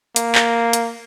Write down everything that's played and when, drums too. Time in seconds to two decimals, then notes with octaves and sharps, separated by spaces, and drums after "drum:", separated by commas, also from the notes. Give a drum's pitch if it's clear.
0.16 A#3, drum: hi-hat
0.35 drum: clap
0.73 drum: hi-hat